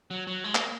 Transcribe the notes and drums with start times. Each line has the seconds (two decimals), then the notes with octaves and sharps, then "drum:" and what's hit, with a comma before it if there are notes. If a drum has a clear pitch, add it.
0.11 F#3
0.27 F#3
0.44 G#3
0.55 A#3, drum: clap